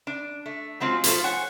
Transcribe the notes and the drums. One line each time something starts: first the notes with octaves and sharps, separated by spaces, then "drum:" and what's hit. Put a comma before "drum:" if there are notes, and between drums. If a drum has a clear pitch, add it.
D4
A3
F#3 G#3 C4 F4
F3 F#3 A3 F4 A4 C5, drum: hi-hat
C5 C#5 F#5 G#5